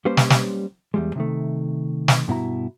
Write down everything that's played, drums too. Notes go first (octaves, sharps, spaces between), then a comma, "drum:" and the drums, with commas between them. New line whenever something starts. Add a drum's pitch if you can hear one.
G3 A#3 C#4 B4 C5
drum: snare
drum: snare
E2 G3 G#3
C3 D#3 A3
drum: snare
G2 B2 E4 A#5